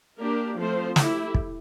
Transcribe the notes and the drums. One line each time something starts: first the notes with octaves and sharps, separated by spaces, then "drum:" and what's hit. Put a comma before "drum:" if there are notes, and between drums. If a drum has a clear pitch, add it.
A#3 D4 G4 A#4
F3 A3 C4 F4 C5
A3 E4 G4, drum: snare
drum: kick